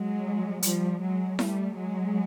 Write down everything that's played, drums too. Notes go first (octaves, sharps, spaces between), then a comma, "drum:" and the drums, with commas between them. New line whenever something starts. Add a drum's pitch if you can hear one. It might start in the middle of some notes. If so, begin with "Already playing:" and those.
Already playing: F#3 G#3
F3 G3, drum: hi-hat
F#3 G#3
G3 A3, drum: snare E4
F#3 G#3